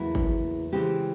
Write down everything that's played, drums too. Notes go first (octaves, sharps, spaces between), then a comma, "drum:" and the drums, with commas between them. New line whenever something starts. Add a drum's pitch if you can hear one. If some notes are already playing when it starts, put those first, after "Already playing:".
Already playing: E2 C#3 F#3 A#3 E4
drum: kick G#1
C#3 E3 G#3 C4 G4